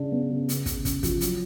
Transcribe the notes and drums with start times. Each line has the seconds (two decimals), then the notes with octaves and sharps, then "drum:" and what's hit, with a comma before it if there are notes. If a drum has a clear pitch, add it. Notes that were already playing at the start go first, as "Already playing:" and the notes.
Already playing: C#3 D4
0.12 B3
0.31 C#3
0.49 C#3, drum: hi-hat
0.66 C#3, drum: kick, hi-hat
0.85 C#3, drum: kick, hi-hat
1.03 F3, drum: kick, hi-hat
1.21 F#3, drum: hi-hat